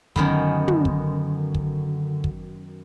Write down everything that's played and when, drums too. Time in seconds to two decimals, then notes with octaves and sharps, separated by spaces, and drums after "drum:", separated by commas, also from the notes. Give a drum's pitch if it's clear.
0.16 F#2 D3 D#3 B3, drum: kick
0.68 drum: tom
0.85 drum: kick
1.55 drum: kick
2.24 drum: kick